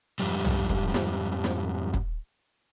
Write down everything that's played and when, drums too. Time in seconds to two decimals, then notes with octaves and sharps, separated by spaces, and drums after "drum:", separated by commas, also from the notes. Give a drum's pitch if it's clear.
0.19 F2 G#2 G3
0.44 drum: tom B1
0.69 drum: kick
0.94 drum: snare
1.44 drum: snare
1.94 drum: kick